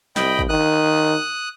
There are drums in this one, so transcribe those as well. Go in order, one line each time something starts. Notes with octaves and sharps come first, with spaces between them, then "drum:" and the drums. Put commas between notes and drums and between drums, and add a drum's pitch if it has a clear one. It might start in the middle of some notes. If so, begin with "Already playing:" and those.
C2 D#5 G5 B5, drum: snare
drum: kick
D#3 D#6 F#6